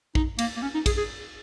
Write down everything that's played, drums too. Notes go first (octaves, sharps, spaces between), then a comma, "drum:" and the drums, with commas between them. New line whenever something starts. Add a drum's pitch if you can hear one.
D#4, drum: kick
A#3, drum: cymbal
A#3
C#4
D#4
G#4, drum: kick, cymbal
G#4